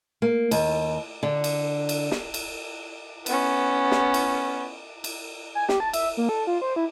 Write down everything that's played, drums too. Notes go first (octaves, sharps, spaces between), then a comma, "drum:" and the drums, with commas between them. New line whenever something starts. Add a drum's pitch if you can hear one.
A#3
D#2, drum: cymbal
D3
drum: cymbal
drum: cymbal
drum: snare
drum: cymbal
B3 C#4, drum: cymbal
drum: snare
drum: cymbal
drum: cymbal
G#5
G4, drum: snare
A5
E5, drum: cymbal
A#3
A4
F4
C5
E4